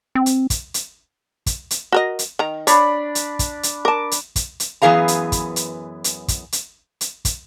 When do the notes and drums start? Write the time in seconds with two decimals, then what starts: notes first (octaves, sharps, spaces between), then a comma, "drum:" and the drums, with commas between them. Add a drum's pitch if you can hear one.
0.15 C4
0.26 drum: hi-hat
0.50 drum: kick, hi-hat
0.74 drum: hi-hat
1.46 drum: kick, hi-hat
1.71 drum: hi-hat
1.92 F#4 A#4 D#5
2.19 drum: hi-hat
2.39 D#3 A#5
2.67 D4 C#5 B5, drum: hi-hat
3.15 drum: hi-hat
3.39 drum: kick, hi-hat
3.63 drum: hi-hat
3.85 A#4 A5 D6
4.11 drum: hi-hat
4.36 drum: kick, hi-hat
4.60 drum: hi-hat
4.82 F#2 E3 B3 G#4 F5 A#5
5.08 drum: hi-hat
5.32 drum: kick, hi-hat
5.56 drum: hi-hat
6.04 drum: hi-hat
6.28 drum: kick, hi-hat
6.52 drum: hi-hat
7.01 drum: hi-hat
7.25 drum: kick, hi-hat